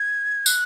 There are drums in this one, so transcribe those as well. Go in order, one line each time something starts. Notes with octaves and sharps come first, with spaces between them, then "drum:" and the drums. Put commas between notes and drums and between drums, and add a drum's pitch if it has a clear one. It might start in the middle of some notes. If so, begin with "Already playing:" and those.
Already playing: G#6
F#6, drum: tambourine